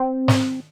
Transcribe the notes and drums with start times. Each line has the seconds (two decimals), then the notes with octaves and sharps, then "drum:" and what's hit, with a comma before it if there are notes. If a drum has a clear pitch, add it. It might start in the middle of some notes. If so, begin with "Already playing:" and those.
Already playing: C4
0.28 drum: snare